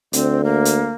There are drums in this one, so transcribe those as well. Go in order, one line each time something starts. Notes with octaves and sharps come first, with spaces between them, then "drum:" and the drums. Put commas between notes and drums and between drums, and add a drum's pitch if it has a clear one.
D2 C4, drum: hi-hat
A#3
drum: hi-hat